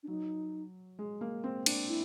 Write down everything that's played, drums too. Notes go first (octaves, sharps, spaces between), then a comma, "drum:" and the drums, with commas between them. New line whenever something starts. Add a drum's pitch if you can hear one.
D4
F#3 D#4
G#3
A#3
C4
D4, drum: cymbal
E4